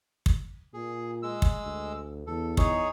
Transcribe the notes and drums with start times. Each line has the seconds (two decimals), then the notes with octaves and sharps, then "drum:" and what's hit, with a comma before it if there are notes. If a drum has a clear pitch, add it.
0.26 drum: kick
0.74 A#2 G#4
1.23 G#3 E6
1.42 drum: kick
1.64 D2
2.27 E2 A4
2.57 D#4 G#4 C#5, drum: kick